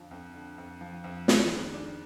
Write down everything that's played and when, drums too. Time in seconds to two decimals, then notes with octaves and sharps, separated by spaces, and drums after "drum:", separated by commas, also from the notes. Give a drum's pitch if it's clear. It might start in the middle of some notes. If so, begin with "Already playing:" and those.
Already playing: F2 D3 F3
0.11 F2
0.34 D3
0.58 F2
0.81 F3
1.04 F2
1.28 G#3, drum: snare
1.51 D#3
1.73 D4